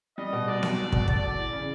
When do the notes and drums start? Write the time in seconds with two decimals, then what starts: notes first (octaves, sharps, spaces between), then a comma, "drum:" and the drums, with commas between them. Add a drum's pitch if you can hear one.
0.17 G3 D#5
0.33 B2
0.48 C2 D5
0.63 C2, drum: snare B3
0.78 F#3
0.92 B2, drum: kick
1.08 A3 D5, drum: kick
1.23 E2
1.38 E3
1.53 C#3